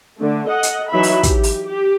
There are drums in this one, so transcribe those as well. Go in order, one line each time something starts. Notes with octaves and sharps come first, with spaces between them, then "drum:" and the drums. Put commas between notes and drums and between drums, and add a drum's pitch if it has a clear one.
D3 A3
A4 D#5 F#5
drum: hi-hat
E3 F#3 D#4 F#4 E5 B5
drum: open hi-hat
G4, drum: kick, hi-hat
drum: open hi-hat
G4